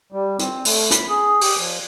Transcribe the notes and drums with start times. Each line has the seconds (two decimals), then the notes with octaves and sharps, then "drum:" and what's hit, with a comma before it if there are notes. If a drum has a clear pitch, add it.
0.12 G3
0.39 C4, drum: hi-hat
0.65 A3, drum: open hi-hat
0.91 B5, drum: hi-hat
1.09 G#4
1.41 G4, drum: open hi-hat
1.58 F3